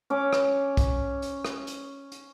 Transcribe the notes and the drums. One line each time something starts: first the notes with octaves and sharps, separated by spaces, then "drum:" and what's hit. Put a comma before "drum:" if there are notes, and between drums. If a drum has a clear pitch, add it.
C#4 D6
drum: rim click
drum: kick B1, hi-hat
drum: hi-hat
drum: rim click
drum: hi-hat
drum: hi-hat